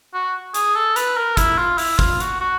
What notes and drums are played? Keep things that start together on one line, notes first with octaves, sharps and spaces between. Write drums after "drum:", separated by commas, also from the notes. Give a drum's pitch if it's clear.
F#4
G#4, drum: hi-hat
A4
B4, drum: hi-hat
A#4
E4, drum: kick, hi-hat
F4
E4, drum: open hi-hat
F4, drum: kick
F#4, drum: hi-hat
F#4